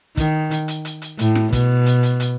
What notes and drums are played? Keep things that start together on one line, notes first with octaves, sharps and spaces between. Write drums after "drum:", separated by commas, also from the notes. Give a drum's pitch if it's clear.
D#3, drum: kick, hi-hat
drum: hi-hat
drum: hi-hat
drum: hi-hat
drum: hi-hat
A2, drum: hi-hat
drum: snare
B2, drum: kick, hi-hat
drum: hi-hat
drum: hi-hat
drum: hi-hat